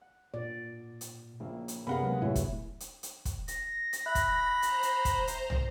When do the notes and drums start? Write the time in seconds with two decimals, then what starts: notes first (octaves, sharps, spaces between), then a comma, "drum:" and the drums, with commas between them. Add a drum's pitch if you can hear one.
0.01 F#5
0.34 A#2 D5
1.01 drum: hi-hat
1.40 A#1 C#3 A#3 E4
1.68 drum: hi-hat
1.87 C3 B3 C#4 G#4 A#4 F5 F#5 B5
2.03 D2 F#3 G#3 B3 B4
2.22 A2 C3 E4 C#5 E5
2.36 drum: kick, hi-hat
2.80 drum: hi-hat
3.03 drum: hi-hat
3.25 drum: kick, hi-hat
3.48 A#6, drum: hi-hat
3.93 drum: hi-hat
4.06 E5 B5 F#6
4.15 drum: kick, hi-hat
4.62 C5 A#5, drum: hi-hat
4.83 drum: hi-hat
5.05 drum: kick, hi-hat
5.27 drum: hi-hat
5.50 drum: tom